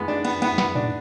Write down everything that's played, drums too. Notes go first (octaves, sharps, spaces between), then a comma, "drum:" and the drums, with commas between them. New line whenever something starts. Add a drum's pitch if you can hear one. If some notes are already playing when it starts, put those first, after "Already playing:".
Already playing: G#3 B3
D4
B3, drum: cymbal
B3, drum: cymbal
B3, drum: snare
D4, drum: tom A2